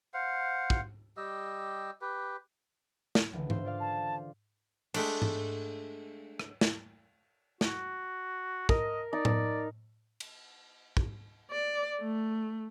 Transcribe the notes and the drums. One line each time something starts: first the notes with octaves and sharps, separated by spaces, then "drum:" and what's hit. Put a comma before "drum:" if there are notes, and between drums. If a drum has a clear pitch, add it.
C5 F5 F#5
drum: kick
G3 G4 D#5 E6
G4 B4
drum: snare
C#2 D3 E3
C5 F5 E6, drum: tom G#2
F4 D5 F5
A5
G#3 A3 D4, drum: cymbal
drum: tom G#2
drum: rim click
drum: snare
F#4, drum: snare
A#4 D#5, drum: kick
D#4 D5
drum: tom A2
drum: cymbal
drum: kick
D5
A3